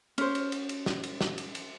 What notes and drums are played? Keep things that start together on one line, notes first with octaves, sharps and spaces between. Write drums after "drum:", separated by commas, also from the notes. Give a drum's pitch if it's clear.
C#4 C5, drum: cymbal
drum: cymbal
drum: cymbal
drum: cymbal
drum: snare
drum: cymbal
drum: snare
drum: cymbal
drum: cymbal